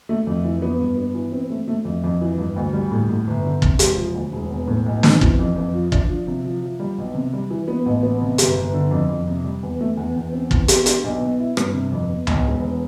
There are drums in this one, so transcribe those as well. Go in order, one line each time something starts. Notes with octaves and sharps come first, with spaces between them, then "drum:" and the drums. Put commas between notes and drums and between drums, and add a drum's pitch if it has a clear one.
A3
F2
E3
B3
G2
B3
E3
C4
A3
A3
F2
F2
E3
G2
D2
G3
A2
A2
G1
D3
C3, drum: kick
E1, drum: hi-hat
F3
D2
E1
E2
A2
B1
C4, drum: snare
E3, drum: kick
F2
F2
F3
D4, drum: kick
F3
C3
F3
F3
G3
B1
C3
G3
E3
B3
A1
B3
C3
G1, drum: hi-hat
G1
D3
F2
F2
C3
G3
E2
A3
E2
E2
C4
E3, drum: kick
B2, drum: hi-hat
D4, drum: hi-hat
B1
B2
E4
G2, drum: rim click
C3
F2
B2
B1, drum: tom C#2
E1
E2